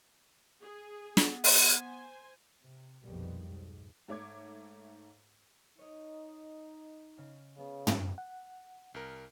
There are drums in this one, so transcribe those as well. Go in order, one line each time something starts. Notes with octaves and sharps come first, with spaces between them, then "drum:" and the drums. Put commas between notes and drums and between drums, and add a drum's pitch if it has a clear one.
G#4
B3, drum: snare
drum: open hi-hat
C5 G#5
C3
A#1 F2 B2 D#3 F3 G3
B1 G#2
G#2 A3 C#5 D6 G#6
D#4 C#5 D#5
C#3
C#3 B3
drum: tom
F#5
C2 A#4